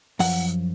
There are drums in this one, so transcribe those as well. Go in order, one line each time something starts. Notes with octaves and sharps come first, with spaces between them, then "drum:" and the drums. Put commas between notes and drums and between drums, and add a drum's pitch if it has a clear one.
F#2 F3 F#5, drum: open hi-hat